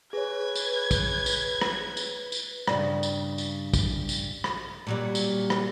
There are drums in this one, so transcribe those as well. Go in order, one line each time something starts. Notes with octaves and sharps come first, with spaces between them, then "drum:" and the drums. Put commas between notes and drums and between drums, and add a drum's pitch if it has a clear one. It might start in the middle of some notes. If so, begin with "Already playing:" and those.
G#4 B4 C#5 G#6
drum: tambourine
drum: kick, tambourine
drum: tambourine
drum: rim click
drum: tambourine
drum: tambourine
G2 A#2 C#3, drum: rim click
drum: tambourine
drum: tambourine
drum: kick, tambourine
drum: tambourine
drum: rim click
A#2 F#3 G3
drum: tambourine
drum: rim click